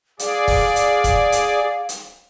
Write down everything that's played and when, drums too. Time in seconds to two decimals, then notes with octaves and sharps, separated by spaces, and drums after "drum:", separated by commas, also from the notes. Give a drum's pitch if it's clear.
0.19 G#4 D5 F5, drum: hi-hat
0.48 drum: kick, open hi-hat
0.76 drum: hi-hat
1.04 drum: kick, hi-hat
1.32 drum: hi-hat
1.89 drum: hi-hat